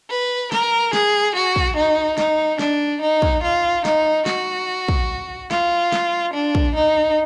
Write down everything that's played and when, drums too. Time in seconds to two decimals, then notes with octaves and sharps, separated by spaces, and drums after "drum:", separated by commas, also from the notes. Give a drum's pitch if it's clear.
0.10 B4
0.52 A#4, drum: snare
0.93 G#4, drum: snare
1.35 F#4
1.56 drum: kick
1.77 D#4
2.18 D#4, drum: snare
2.59 D4, drum: snare
3.02 D#4
3.22 drum: kick
3.43 F4
3.85 D#4, drum: snare
4.26 F#4, drum: snare
4.88 drum: kick
5.51 F4, drum: snare
5.92 drum: snare
6.33 D4
6.55 drum: kick
6.75 D#4